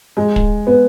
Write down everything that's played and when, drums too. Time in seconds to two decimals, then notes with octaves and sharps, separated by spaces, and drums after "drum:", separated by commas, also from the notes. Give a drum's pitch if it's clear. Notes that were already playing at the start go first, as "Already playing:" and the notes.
0.17 G#3
0.36 drum: kick
0.67 B3